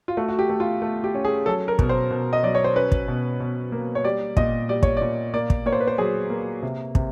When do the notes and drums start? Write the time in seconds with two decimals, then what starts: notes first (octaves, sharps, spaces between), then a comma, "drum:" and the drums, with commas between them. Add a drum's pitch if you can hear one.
0.08 F4
0.17 A3 F#4
0.28 F#4
0.39 G4
0.49 A3
0.60 F4
0.82 A3
1.04 G4
1.15 C#4
1.25 G#4
1.46 F#3 A4
1.68 A#4
1.79 B2, drum: kick
1.89 C5
2.11 B2
2.33 D#5
2.43 F#3 D5
2.55 C#5
2.64 C5
2.76 C#4 B4
2.92 drum: kick
3.08 B2
3.40 B2
3.72 A#3
3.95 C#5
4.04 G3 D5
4.37 A#2 D#5, drum: kick
4.69 G3 D5
4.83 C#5, drum: kick
4.97 A#2 D5
5.34 A#3 D5
5.50 drum: kick
5.66 A#3 C#5
5.72 C5
5.80 B4
5.87 C5
5.98 F#3 G#4
6.30 A#3
6.62 C3
6.95 C3, drum: kick